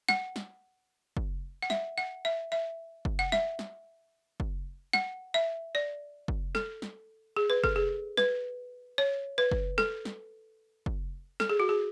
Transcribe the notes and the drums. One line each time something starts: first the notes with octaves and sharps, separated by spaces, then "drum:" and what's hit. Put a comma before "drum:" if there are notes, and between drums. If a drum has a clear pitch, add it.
F#5, drum: snare
drum: snare
drum: kick
F#5
E5, drum: snare
F#5
E5
E5
drum: kick
F#5
E5, drum: snare
drum: snare
drum: kick
F#5, drum: snare
E5
D5
drum: kick
A4, drum: snare
drum: snare
G#4
B4
A4, drum: kick
G#4
B4, drum: snare
C#5
B4
drum: kick
A4, drum: snare
drum: snare
drum: kick
A4, drum: snare
G#4
F#4
G#4